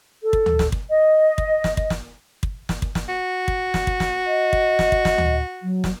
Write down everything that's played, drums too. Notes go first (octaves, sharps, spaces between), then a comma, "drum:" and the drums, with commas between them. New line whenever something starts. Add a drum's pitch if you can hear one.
A4
drum: kick
drum: tom D2
drum: snare
drum: kick
D#5
drum: kick
drum: snare
drum: kick
drum: snare
drum: kick
drum: snare
drum: kick
drum: snare
F#4
drum: kick
drum: snare
drum: kick
drum: snare
D#5
drum: kick
drum: snare
drum: kick
drum: snare
drum: tom D2
F#3
drum: snare